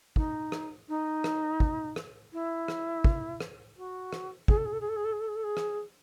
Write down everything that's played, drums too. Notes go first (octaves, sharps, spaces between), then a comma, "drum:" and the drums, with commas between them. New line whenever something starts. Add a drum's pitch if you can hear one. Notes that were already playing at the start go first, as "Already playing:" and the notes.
D#4, drum: kick
drum: rim click
D#4
drum: rim click
drum: kick
drum: rim click
E4
drum: rim click
drum: kick
drum: rim click
F#4
drum: rim click
G#4, drum: kick
A4
G#4
A4
G#4
A4
G#4
A4
G#4
A4
G#4
A4
G#4
drum: rim click